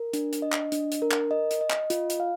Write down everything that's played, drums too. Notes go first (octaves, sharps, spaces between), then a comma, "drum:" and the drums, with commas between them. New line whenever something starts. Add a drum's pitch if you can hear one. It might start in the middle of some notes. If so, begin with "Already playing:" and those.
Already playing: A#4
D4, drum: hi-hat
drum: hi-hat
D#5
drum: clap
D4, drum: hi-hat
drum: hi-hat
A#4
drum: clap
D#5
drum: hi-hat
D#5
drum: clap
F4, drum: hi-hat
drum: hi-hat
F5